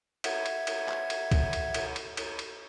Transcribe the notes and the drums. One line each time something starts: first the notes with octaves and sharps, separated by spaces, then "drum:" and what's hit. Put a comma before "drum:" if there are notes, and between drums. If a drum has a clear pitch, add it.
E5 F#5 G#6, drum: cymbal
drum: cymbal
drum: cymbal
drum: clap
drum: cymbal
drum: kick C2, cymbal
drum: cymbal
drum: cymbal
drum: cymbal
drum: cymbal
drum: cymbal